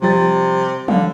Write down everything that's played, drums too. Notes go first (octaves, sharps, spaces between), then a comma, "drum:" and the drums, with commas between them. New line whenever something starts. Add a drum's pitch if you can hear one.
C3 F3 G3 A6
D3 F5, drum: tom